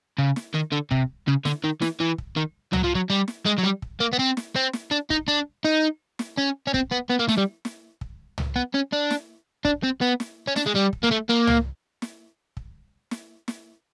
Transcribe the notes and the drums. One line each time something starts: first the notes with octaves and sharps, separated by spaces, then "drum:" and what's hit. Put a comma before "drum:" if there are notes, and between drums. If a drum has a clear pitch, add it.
C#3
drum: snare
D#3
D3
C3, drum: kick
C#3
D3, drum: snare
D#3
E3, drum: snare
E3
drum: kick
D#3
F#3, drum: tom
F3
F#3
G3
drum: snare
G#3
F#3
G3
drum: kick
A#3
B3
C4
drum: snare
C4
drum: snare
D4
D#4, drum: kick
D4
D#4
drum: snare
C#4
C#4
C4, drum: kick
B3
B3
A#3
A3, drum: snare
G3
drum: snare
drum: kick
drum: tom
B3
C#4
D4
drum: snare
D4, drum: kick
C4
B3
drum: snare
C#4
D4, drum: snare
G#3
G3
drum: kick
A#3
A3
A#3
drum: tom
drum: snare
drum: kick
drum: snare
drum: snare